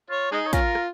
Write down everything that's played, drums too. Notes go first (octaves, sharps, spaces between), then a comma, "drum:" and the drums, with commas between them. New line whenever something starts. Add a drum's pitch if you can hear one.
F4 C#5
G#3 D#4 G#4
C#5
C#4 F4 A#4, drum: kick, hi-hat
drum: rim click